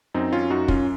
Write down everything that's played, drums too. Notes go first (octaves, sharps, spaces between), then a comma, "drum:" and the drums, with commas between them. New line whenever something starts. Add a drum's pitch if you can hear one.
F#2 C4 D#4
C#4 F4
F#2 D#4 F#4
C#4 F4, drum: kick